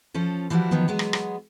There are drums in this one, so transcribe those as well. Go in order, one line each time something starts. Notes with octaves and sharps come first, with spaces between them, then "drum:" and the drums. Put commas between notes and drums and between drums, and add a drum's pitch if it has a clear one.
F3 C#4 A4
E3 F3 G3 E4 F#4
D#3 F3 F#3 B3
F#3 G#3 B3
drum: rim click
drum: rim click